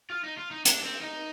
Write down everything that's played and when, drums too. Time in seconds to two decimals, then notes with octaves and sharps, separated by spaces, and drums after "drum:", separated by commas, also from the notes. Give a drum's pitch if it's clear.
0.10 F4
0.24 D#4
0.38 F4
0.51 D#4
0.65 D4, drum: hi-hat
0.84 C4
1.01 D#4